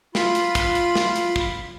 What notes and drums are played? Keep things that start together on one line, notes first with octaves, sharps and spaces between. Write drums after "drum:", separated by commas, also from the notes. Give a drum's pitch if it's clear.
F4 B5 C6, drum: snare
drum: hi-hat
drum: kick, hi-hat
drum: hi-hat
drum: snare
drum: hi-hat
drum: kick